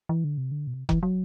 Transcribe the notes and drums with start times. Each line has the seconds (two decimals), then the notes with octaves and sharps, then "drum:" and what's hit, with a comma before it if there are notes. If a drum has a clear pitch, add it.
0.09 E3
0.24 D3
0.38 C3
0.52 D3
0.67 B2
0.74 C3
0.89 E3, drum: kick F1
1.03 F#3